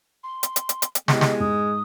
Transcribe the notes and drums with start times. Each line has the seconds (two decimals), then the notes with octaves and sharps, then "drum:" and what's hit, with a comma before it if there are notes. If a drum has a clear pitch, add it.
0.23 C6
0.43 drum: hi-hat
0.56 drum: hi-hat
0.69 drum: hi-hat
0.82 drum: hi-hat
0.95 drum: hi-hat
1.08 G#3 B3 E4 G4 D#5, drum: snare
1.21 drum: snare
1.40 G#2 D#6